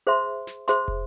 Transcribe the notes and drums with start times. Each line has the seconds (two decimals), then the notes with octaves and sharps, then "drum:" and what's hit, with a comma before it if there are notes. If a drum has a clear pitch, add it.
0.07 G#4 C5 E5 C6
0.47 drum: snare
0.68 G#4 C5 E5 C6, drum: snare
0.88 drum: kick